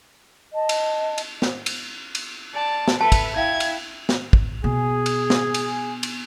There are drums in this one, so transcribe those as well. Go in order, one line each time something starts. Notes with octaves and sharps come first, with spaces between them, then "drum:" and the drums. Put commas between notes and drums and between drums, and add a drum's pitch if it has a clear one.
D#5 A5
drum: cymbal
drum: cymbal
drum: snare
drum: cymbal
drum: cymbal
D5 A5
drum: snare
A4 B4 E5 A5
drum: kick, cymbal
E4 E5 F5 G5 G#6
drum: cymbal
drum: snare
drum: kick
B2 G#4
drum: cymbal
drum: snare
drum: cymbal
drum: cymbal